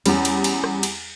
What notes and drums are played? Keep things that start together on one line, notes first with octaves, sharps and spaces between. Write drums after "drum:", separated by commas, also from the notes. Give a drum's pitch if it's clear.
E2 G3 C#4, drum: cymbal
drum: cymbal
drum: cymbal
drum: rim click
drum: cymbal